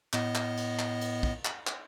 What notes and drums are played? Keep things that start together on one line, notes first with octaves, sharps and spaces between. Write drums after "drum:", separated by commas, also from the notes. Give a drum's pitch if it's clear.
A2 B3 D#5, drum: clap
drum: clap
drum: cymbal
drum: clap
drum: cymbal
drum: kick
drum: clap
drum: clap